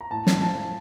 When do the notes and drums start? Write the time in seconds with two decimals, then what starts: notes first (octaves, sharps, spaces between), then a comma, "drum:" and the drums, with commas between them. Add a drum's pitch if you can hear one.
0.01 A#5
0.11 A2 A5
0.27 drum: snare
0.42 F3 A5